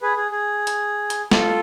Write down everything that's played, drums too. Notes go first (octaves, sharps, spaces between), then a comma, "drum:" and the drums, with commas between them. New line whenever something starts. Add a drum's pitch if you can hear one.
G#4 B4
G#4
G#4
drum: hi-hat
drum: hi-hat
F4 A4, drum: snare